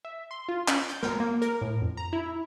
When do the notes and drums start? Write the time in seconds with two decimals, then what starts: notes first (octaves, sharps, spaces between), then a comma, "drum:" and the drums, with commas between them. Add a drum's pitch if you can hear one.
0.05 E5
0.31 C6
0.49 F4
0.68 C#4, drum: clap
0.89 G6, drum: hi-hat
1.03 A#4, drum: snare
1.20 A#3
1.42 A#4, drum: hi-hat
1.61 A2
1.82 F2
1.97 A#5
2.13 E4